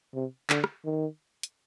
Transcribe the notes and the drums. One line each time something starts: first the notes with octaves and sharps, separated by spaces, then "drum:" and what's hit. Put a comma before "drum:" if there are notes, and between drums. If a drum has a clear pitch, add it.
C3
D3, drum: clap
drum: rim click
D#3
drum: hi-hat